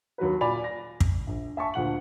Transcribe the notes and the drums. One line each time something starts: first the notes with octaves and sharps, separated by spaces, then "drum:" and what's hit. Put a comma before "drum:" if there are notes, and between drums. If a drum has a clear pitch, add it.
D#2 F#3 F#4 B4
A#2 D5 G#5 B5 F7
A#6
drum: kick
A#1
E5 G#5 A5 C#6
D2 A#2 F#5 F#7